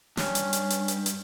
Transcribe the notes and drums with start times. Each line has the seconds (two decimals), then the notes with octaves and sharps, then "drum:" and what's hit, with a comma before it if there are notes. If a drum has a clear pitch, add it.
0.17 G2 C#4, drum: snare
0.35 drum: hi-hat
0.53 drum: hi-hat
0.70 drum: hi-hat
0.88 drum: hi-hat
1.06 drum: hi-hat